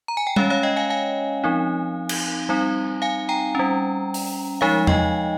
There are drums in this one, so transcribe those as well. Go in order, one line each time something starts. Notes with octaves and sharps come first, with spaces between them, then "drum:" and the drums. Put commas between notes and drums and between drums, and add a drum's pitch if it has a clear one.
A#5
G#5
G5
G#3 C#4 C#5 F5, drum: tom G3
C#5 F5
D#5 G5
F5 G#5
F5 G#5
F3 C4 D#4
drum: cymbal
G3 C4 D#4
F5 G#5
G5 A#5
G3 C#4
drum: open hi-hat
F3 G#3 D#4 F5 G#5
D#5 G5, drum: tom E2